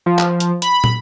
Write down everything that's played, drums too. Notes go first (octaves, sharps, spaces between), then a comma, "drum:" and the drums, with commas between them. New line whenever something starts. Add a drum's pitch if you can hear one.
F3
drum: clap
drum: hi-hat
B5, drum: hi-hat
drum: tom